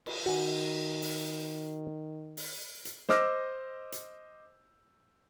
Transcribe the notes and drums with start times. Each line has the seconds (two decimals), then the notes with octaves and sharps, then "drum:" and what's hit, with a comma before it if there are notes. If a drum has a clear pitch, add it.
0.06 drum: cymbal
0.26 D#3 F#4 G#5
1.02 drum: open hi-hat
2.37 drum: open hi-hat
2.85 drum: hi-hat
3.09 C5 D#5 D6 E6 F6 A#6, drum: snare
3.92 drum: hi-hat